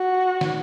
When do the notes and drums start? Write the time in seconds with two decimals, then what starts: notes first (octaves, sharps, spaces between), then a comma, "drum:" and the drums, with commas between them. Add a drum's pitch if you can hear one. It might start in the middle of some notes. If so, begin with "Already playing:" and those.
Already playing: F#4
0.41 drum: snare